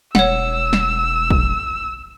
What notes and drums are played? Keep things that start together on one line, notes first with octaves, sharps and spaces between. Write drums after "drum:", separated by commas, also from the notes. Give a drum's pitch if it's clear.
E1 C#5 F#5 E6, drum: snare
drum: snare
drum: kick A#1